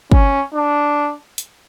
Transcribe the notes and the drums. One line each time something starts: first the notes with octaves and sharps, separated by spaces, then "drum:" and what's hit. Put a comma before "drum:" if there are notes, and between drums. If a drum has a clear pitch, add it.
C#4, drum: kick
D4
drum: hi-hat